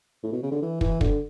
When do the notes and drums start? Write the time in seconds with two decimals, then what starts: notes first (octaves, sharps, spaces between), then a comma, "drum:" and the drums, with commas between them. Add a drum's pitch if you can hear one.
0.23 A2
0.32 B2
0.43 C#3
0.52 D3
0.62 E3
0.81 E3, drum: kick
1.01 D3, drum: kick